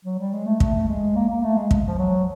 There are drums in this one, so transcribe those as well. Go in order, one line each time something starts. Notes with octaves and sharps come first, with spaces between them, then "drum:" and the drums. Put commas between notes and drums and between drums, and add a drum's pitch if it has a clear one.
F#3
G3
G#3
A3
A3, drum: kick
G#3
A#3
A#3
A3
G#3
drum: kick
F3
F#3